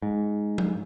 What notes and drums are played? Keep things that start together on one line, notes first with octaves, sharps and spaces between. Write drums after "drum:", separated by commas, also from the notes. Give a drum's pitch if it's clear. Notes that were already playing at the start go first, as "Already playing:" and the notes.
G#2
drum: tom F3